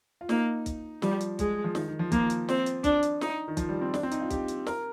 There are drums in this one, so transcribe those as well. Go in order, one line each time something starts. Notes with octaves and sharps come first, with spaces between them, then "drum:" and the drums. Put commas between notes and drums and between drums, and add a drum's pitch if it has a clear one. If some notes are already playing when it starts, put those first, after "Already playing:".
F4
A#3 D#4, drum: snare
drum: kick, hi-hat
F3 G3, drum: snare
drum: hi-hat
G#3, drum: kick, hi-hat
F3
D#3, drum: snare
D#3
F3
F3 A#3, drum: kick, hi-hat
drum: hi-hat
C4, drum: snare
drum: hi-hat
D4, drum: kick, hi-hat
drum: hi-hat
D#4, drum: snare
D#3
F3, drum: kick, hi-hat
G3
C4
D4, drum: snare
C4
D#4, drum: hi-hat
F4
G4, drum: kick, hi-hat
drum: hi-hat
A#4, drum: snare